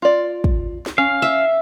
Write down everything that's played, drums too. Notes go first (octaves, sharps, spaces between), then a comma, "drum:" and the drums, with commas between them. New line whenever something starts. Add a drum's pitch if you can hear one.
F4 D5
drum: kick
drum: snare
C#4 F5
E5